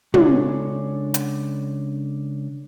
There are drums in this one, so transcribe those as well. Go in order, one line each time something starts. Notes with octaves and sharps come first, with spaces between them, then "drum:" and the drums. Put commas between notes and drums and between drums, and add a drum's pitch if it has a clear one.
C#3 G#3 D4 A4 C#5, drum: tom
drum: hi-hat